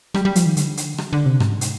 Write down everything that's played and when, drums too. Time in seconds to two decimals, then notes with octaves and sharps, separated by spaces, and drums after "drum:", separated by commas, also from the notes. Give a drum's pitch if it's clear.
0.14 G3, drum: rim click
0.25 G3
0.35 F3, drum: hi-hat
0.46 D#3
0.57 D3, drum: hi-hat
0.77 drum: hi-hat
0.98 drum: rim click
1.13 D3
1.26 C3
1.40 G#2, drum: rim click
1.61 drum: hi-hat